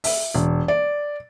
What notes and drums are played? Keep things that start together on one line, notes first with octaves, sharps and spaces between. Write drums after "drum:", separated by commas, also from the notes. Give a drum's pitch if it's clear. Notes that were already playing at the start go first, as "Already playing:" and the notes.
E5, drum: open hi-hat
E1
D5